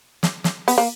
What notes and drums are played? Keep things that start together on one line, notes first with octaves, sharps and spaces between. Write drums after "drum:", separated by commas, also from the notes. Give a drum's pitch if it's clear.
drum: snare
drum: snare
B3, drum: open hi-hat
A#3